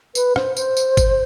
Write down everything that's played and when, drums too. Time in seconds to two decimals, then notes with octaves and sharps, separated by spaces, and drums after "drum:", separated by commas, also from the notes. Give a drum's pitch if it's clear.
0.15 B4, drum: tambourine
0.36 C5, drum: rim click
0.57 C5, drum: tambourine
0.77 drum: tambourine
0.97 drum: kick G1, tambourine